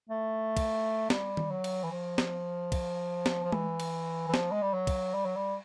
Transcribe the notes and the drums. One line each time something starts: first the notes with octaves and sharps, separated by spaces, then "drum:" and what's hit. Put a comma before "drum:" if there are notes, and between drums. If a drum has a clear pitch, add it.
A3
drum: kick, cymbal
G3, drum: snare
drum: tom D#3
F#3
drum: cymbal
E3
F3
drum: snare
drum: kick, cymbal
drum: snare
F3
E3, drum: tom G#3
drum: cymbal
E3
F3, drum: snare
G#3
G3
F#3
drum: kick, cymbal
G3
F#3
G3